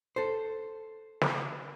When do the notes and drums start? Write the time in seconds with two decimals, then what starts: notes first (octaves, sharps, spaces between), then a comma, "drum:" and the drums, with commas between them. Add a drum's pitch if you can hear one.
0.16 A4 C5
1.21 drum: snare